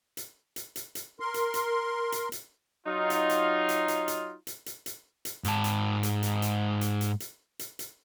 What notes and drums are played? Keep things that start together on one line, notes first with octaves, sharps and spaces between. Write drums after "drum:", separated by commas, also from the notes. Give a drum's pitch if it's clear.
drum: hi-hat
drum: hi-hat
drum: hi-hat
drum: hi-hat
A#4 C6
drum: hi-hat
drum: hi-hat
drum: hi-hat
drum: hi-hat
F#3 D#4 F4
drum: hi-hat
drum: hi-hat
drum: hi-hat
drum: hi-hat
drum: hi-hat
drum: hi-hat
drum: hi-hat
drum: hi-hat
drum: hi-hat
G#2 A5, drum: hi-hat
drum: hi-hat
drum: hi-hat
drum: hi-hat
drum: hi-hat
drum: hi-hat
drum: hi-hat
drum: hi-hat
drum: hi-hat
drum: hi-hat